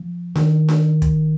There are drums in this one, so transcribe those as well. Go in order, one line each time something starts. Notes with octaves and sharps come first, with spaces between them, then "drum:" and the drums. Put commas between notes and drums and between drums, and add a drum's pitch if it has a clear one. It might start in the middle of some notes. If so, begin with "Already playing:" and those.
Already playing: F3
D#3, drum: snare D4
drum: snare D4
drum: kick, hi-hat